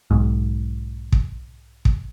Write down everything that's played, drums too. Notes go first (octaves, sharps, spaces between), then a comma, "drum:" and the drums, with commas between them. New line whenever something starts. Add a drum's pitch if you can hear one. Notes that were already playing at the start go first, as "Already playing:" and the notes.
B1 G#2
drum: kick
drum: kick